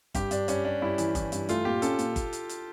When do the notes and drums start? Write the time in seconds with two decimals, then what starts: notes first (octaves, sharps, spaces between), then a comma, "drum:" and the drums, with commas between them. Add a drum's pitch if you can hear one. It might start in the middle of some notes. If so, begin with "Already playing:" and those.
0.14 G2 G4, drum: kick G1, hi-hat
0.31 G2 D4, drum: hi-hat
0.48 G2 C#4, drum: hi-hat
0.65 G2 D4
0.82 G2 E4
0.98 E3, drum: hi-hat
1.15 E3, drum: kick G1, hi-hat
1.32 G2, drum: hi-hat
1.49 A3 F4, drum: hi-hat
1.65 A#2 G4
1.82 C#4 A4, drum: hi-hat
1.99 A#2, drum: hi-hat
2.16 drum: kick G1, hi-hat
2.33 drum: hi-hat
2.49 drum: hi-hat